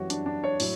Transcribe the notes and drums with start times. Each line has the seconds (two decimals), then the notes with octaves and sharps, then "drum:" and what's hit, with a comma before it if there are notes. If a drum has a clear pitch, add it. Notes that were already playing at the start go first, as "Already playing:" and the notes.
Already playing: F#2 E3 G3 F#4 C#5
0.10 D4, drum: hi-hat
0.26 D4
0.44 C#5
0.60 A2 F#3, drum: open hi-hat